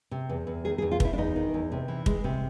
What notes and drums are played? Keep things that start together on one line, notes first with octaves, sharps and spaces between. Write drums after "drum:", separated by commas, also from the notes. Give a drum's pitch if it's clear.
C3
E2
E2
D#3 G#4
G#4
E2
F4
E2 E4, drum: kick
D4
E2 D#4
D#3
E2
C3
E3
G#3, drum: kick
C3